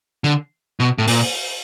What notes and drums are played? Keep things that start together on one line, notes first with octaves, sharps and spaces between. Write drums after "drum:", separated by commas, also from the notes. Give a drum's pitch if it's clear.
D3
B2
A2
A#2, drum: open hi-hat